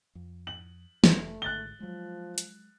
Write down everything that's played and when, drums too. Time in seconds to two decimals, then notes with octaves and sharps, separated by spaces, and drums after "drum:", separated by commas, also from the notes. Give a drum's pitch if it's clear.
0.15 F2
0.47 F#7
1.04 F1 A3, drum: snare
1.42 G#1 D3 F#6 A6 G7
1.80 F3 F#3 G#3
2.38 drum: hi-hat